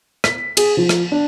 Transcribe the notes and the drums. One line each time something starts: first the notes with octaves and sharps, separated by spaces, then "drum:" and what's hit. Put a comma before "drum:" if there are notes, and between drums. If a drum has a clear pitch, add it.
B6, drum: rim click
G#4, drum: cymbal
F3
drum: rim click
D4